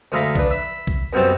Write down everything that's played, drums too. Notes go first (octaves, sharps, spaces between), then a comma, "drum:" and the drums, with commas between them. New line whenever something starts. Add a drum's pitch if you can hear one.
D2 G#3 A3 F5 A#5 B5
D4 B4, drum: kick B1
E5 B5
drum: kick B1
C2 F#2 B2 C4 F#4 A5